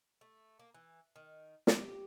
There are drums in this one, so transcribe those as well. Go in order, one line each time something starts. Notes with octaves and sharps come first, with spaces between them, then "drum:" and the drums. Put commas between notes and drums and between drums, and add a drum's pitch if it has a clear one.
A3
A#3
E3
D#3
G4, drum: snare